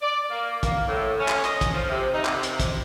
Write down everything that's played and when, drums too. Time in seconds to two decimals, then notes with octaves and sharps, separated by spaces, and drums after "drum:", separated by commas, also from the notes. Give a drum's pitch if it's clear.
0.01 D5
0.30 A#3
0.63 A#3, drum: kick, hi-hat
0.88 A2
1.18 C#4
1.28 drum: clap
1.44 D#5, drum: hi-hat
1.61 drum: kick, hi-hat
1.72 F3
1.89 C3
2.14 D#4
2.25 C3, drum: clap
2.43 drum: hi-hat
2.60 drum: kick, hi-hat